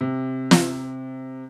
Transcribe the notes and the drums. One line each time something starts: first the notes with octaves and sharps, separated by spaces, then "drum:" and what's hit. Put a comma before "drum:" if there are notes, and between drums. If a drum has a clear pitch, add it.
C3
drum: snare